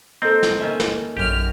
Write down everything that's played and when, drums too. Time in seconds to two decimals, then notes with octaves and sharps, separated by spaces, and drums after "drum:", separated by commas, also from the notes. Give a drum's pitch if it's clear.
0.22 A#3 C4 D#4 A4 C5
0.43 drum: snare
0.60 D#3 C#4 E5
0.80 drum: snare
1.17 A#1 F#2 G4 F6